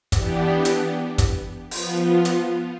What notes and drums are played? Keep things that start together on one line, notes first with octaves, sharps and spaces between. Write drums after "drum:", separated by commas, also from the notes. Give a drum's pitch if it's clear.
E3 B3 D4 G4, drum: kick, hi-hat
drum: hi-hat
drum: kick, hi-hat
F3 B3 F4, drum: open hi-hat
drum: hi-hat